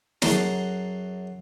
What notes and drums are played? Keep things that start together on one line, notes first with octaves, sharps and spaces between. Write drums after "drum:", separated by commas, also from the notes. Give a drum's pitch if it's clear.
F#2 F#4 G#4 A4 A#5 C6, drum: snare